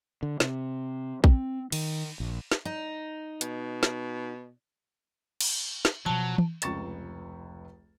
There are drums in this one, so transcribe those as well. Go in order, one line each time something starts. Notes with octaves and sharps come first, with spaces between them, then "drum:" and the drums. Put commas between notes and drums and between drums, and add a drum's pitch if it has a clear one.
D3
C3, drum: snare
C4, drum: kick
D#3, drum: cymbal
A#1
drum: snare
D#4
B2, drum: hi-hat
drum: snare
drum: cymbal
drum: snare
B2 F3 F#3 A5
drum: tom
F1 C#2 C#6 A6 E7, drum: hi-hat